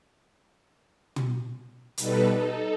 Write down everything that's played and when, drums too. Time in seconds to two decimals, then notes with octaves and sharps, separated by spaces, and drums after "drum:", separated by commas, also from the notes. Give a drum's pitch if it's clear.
1.16 drum: tom
1.98 B2 G3 D#4 A4 B4, drum: hi-hat
2.33 D#4 A4